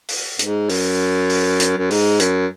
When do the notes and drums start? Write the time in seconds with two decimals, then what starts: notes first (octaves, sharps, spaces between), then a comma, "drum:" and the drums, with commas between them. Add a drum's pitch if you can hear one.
0.08 drum: open hi-hat
0.39 G#2, drum: hi-hat
0.69 F#2, drum: open hi-hat
1.29 drum: open hi-hat
1.60 drum: hi-hat
1.78 F#2
1.90 G#2, drum: open hi-hat
2.20 F#2, drum: hi-hat